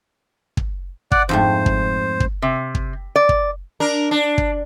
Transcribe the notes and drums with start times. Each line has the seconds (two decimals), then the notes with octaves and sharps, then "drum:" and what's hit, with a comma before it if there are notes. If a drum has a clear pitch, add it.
0.57 drum: kick
1.12 D5 F#5, drum: kick
1.29 F2 G#2 A3 C5
1.66 drum: kick
2.20 drum: kick
2.42 C3
2.75 drum: kick
3.16 D5
3.29 drum: kick
3.80 D4 A#4
4.11 D4
4.38 drum: kick